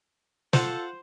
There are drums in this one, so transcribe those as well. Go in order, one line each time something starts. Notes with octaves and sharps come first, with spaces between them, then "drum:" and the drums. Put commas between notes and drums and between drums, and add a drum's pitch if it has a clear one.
F4 A4 C5 F5 F#5, drum: snare